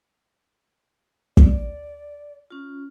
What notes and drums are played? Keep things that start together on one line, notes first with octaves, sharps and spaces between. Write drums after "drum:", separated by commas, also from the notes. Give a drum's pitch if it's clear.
D2 B2 D5, drum: kick
C#4 F4